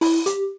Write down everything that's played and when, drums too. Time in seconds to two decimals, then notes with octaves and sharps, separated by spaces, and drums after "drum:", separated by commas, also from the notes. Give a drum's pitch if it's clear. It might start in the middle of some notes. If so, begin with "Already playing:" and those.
0.01 E4, drum: open hi-hat
0.26 G4, drum: hi-hat